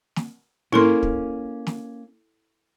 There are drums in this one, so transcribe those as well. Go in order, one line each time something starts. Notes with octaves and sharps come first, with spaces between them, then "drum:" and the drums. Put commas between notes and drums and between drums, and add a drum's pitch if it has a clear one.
drum: snare
A#3 C#4 E4 A4 C6, drum: tom G#2
drum: kick
drum: snare